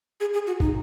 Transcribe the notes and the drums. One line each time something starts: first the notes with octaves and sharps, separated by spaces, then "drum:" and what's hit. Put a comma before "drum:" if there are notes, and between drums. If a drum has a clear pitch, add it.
G#4
G#4
F#4
D#4, drum: kick